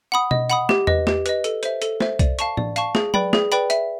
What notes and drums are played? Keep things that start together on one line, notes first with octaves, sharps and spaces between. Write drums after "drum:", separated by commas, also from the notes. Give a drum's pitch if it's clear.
F#5 B5 D#6
D#5, drum: tom B2
F#5 B5 D#6, drum: hi-hat
G4, drum: snare
B4 D#5, drum: tom E2
G4, drum: snare
B4 D#5, drum: hi-hat
A4, drum: hi-hat
C5 E5, drum: hi-hat
A4, drum: hi-hat
C5 E5, drum: snare
D5, drum: kick C2, hi-hat
F5 A5 C#6, drum: hi-hat
D5, drum: tom A2
F5 A5 C#6, drum: hi-hat
G#4, drum: snare
B4 D5 G5 B5, drum: tom F#3
G#4, drum: snare
B4 D5 G5 B5, drum: hi-hat
E5, drum: hi-hat